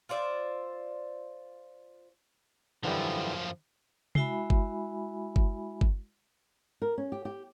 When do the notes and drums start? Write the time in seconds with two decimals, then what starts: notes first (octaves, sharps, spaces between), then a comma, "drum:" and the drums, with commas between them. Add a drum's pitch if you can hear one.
0.09 F4 C5 D5 E5
2.83 F#2 D3 E3 F3 G3
4.15 G#3 E4 F#4 E5 G#5 B5, drum: tom C3
4.50 drum: kick G1
5.36 drum: kick G1
5.81 drum: kick G1
6.82 A#4
6.98 C#4
7.12 G4
7.25 G4